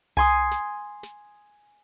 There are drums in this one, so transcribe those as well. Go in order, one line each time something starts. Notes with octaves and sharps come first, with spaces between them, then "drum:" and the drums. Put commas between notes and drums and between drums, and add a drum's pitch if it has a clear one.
G#5 C6 D#6, drum: tom C2
drum: snare
drum: snare